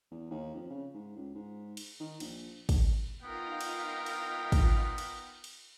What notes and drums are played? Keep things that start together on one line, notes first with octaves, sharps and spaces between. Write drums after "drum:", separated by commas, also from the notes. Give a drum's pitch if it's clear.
E2
D#2
F2
C#3
G#2
C#2
G#2
drum: cymbal
D#3
A#1, drum: cymbal
drum: kick, cymbal
B3 D#4 F4 A#4 F5 G5
drum: cymbal
drum: cymbal
drum: kick, cymbal
drum: cymbal
drum: cymbal